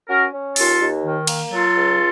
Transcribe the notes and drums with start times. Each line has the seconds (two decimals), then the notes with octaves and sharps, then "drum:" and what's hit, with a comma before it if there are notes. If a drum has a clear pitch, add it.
0.09 C#4 F#4 A#4
0.33 C#4
0.56 D#2 F4 A4, drum: open hi-hat
0.80 D#2
1.03 D#3
1.27 A#3, drum: cymbal
1.51 F#3 F4 A4
1.74 C#2